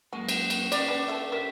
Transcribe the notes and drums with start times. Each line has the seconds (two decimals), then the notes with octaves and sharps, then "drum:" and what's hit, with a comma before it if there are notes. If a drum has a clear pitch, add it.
0.13 F#2 G#3 A#3 F#4
0.29 drum: cymbal
0.50 drum: cymbal
0.72 C#4 D5, drum: cymbal
0.88 D4 B4
1.08 A4 E5
1.32 G4 A#4 C5 E5